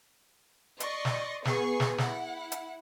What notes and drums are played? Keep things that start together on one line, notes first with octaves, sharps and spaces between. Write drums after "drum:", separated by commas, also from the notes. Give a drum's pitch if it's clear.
D5 D#5 C6 C#6, drum: hi-hat
drum: snare
B3 G#4 C#6 C7, drum: snare
drum: snare
E4 F#5, drum: snare
drum: hi-hat